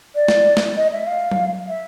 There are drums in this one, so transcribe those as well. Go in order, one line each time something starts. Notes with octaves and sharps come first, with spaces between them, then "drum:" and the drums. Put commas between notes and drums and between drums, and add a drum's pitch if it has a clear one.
D5
drum: snare
drum: snare
D#5
E5
F5
drum: tom F#3
E5